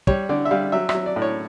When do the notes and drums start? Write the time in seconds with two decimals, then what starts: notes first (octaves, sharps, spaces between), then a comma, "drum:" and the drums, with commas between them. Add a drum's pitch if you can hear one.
0.07 G3 C#5, drum: kick
0.29 D3 D5
0.45 E5
0.51 G3 F5
0.72 F#3 E5
0.89 E5, drum: rim click
0.95 F#3
1.06 D5
1.16 A2
1.22 C#5